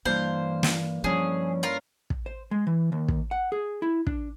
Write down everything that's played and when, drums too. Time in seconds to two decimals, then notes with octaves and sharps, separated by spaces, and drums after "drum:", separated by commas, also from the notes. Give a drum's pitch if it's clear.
0.05 G2 E3 A#3 C5 F5
0.63 drum: snare
1.04 G2 F3 C#4 E4 G#4
1.63 F4 A#4
2.10 drum: kick
2.26 C5
2.51 G#3
2.67 E3
2.92 D#2
3.08 drum: kick
3.31 F#5
3.52 G#4
3.82 E4
4.07 D4, drum: kick